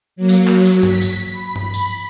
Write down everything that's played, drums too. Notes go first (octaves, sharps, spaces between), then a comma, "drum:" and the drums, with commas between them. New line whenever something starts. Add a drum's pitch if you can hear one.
F#3 A#3
drum: tambourine
F#3, drum: clap
drum: tambourine
B6, drum: tom G2
drum: tambourine
B5
drum: tom G2
drum: tambourine